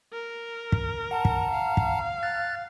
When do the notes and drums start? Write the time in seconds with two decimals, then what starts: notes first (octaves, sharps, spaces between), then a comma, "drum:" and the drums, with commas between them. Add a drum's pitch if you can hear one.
0.13 A#4
0.72 drum: kick
1.11 F#5 A5 A#5
1.25 drum: kick
1.51 F5
1.77 drum: kick
2.23 F#6 A6